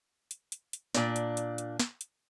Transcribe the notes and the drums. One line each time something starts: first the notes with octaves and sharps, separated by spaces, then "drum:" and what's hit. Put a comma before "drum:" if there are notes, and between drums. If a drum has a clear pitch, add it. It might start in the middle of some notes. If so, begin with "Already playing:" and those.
drum: hi-hat
drum: hi-hat
drum: hi-hat
A#2 D4, drum: snare
drum: hi-hat
drum: hi-hat
drum: hi-hat
drum: snare
drum: hi-hat